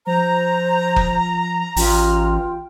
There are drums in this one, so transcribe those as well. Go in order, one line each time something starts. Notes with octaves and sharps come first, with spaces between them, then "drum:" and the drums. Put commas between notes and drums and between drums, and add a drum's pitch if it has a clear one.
F3 C5 A#5
drum: kick F#1
A1 F4 G5, drum: open hi-hat